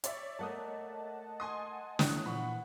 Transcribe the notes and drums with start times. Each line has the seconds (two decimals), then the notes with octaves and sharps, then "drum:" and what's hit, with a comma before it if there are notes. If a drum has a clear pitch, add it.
0.04 C#5 D5 E5, drum: hi-hat
0.39 A3 A#3 D#5 F#5 A5
1.40 G#5 C6 D#6
1.99 E3 E4 C#5 D#6 F#6, drum: snare
2.26 A#2 F3 F#5 B5 C#6